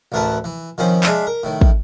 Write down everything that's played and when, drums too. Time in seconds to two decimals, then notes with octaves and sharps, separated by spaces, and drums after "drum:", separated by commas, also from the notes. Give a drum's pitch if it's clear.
0.12 A1 D2 A3 A#4 B4 A5
0.44 E3
0.78 D#3 F3 C4 C#4
1.03 G#3 D4 E5 F5, drum: clap
1.27 A#4
1.43 A2 D#3
1.61 drum: kick